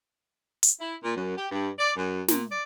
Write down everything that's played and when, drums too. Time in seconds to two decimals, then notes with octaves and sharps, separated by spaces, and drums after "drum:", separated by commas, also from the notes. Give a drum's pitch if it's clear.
0.63 drum: hi-hat
0.80 E4
1.03 A#2
1.16 F#2
1.37 G4
1.51 G2
1.78 D5
1.96 F#2
2.28 A#2, drum: snare
2.50 D5